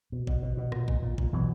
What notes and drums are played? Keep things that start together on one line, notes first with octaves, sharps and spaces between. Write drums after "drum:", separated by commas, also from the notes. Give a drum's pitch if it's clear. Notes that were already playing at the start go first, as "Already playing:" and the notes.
B2
B2, drum: kick A1
B2
B2
A#2, drum: rim click
A#2, drum: kick A1
A#2
A#2, drum: kick A1
B2 E3 F#3